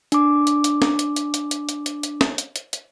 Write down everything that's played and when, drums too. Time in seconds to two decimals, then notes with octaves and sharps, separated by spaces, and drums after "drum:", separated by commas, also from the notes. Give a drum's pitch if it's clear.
0.12 D4 D6, drum: hi-hat
0.47 drum: hi-hat
0.64 drum: hi-hat
0.82 drum: snare
0.99 drum: hi-hat
1.16 drum: hi-hat
1.34 drum: hi-hat
1.51 drum: hi-hat
1.69 drum: hi-hat
1.86 drum: hi-hat
2.03 drum: hi-hat
2.21 drum: snare
2.38 drum: hi-hat
2.56 drum: hi-hat
2.73 drum: hi-hat